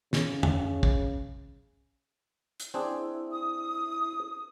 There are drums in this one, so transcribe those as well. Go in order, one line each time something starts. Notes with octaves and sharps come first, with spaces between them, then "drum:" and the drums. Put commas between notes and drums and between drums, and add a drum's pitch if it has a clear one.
C#3, drum: snare
drum: tom
drum: kick
drum: hi-hat
C4 D4 E4 G#4
D#6